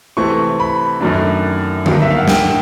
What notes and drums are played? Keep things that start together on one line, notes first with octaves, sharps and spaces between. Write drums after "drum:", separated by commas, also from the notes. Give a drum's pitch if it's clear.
C3 E3 A3 C4 C#6
B5
F#2 D#3 F#3 A3 D4
G2 D#3 F#3 A#3, drum: tom D3
E5
F5
F#5
G5, drum: snare
G5